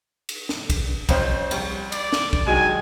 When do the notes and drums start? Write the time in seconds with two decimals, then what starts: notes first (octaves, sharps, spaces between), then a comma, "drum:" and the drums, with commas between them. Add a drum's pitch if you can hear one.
0.29 drum: cymbal
0.49 drum: snare
0.70 drum: kick, cymbal
1.09 F2 C#4 C5, drum: kick, cymbal
1.51 C2, drum: cymbal
1.92 D5, drum: cymbal
2.13 drum: snare
2.33 drum: kick
2.46 D#3 F#3 G#3 G#5